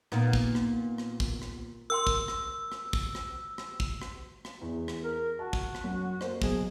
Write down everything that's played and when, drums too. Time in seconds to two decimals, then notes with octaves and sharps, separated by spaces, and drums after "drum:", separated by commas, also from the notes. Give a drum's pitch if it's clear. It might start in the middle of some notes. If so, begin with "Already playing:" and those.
0.12 A#2 B3 D#4, drum: rim click
0.33 drum: kick
0.55 drum: rim click
0.98 drum: rim click
1.20 drum: kick
1.42 drum: rim click
1.90 A#4 G5 C6 E6
2.07 drum: kick
2.28 drum: rim click
2.72 drum: rim click
2.93 drum: kick
3.15 drum: rim click
3.58 drum: rim click
3.80 drum: kick
4.02 drum: rim click
4.45 drum: rim click
4.62 E2
4.88 drum: rim click
5.04 A#4
5.39 F#4 A5
5.53 drum: kick
5.75 drum: rim click
5.84 F#2
6.21 A#3 C5, drum: rim click
6.42 B1 G#4, drum: kick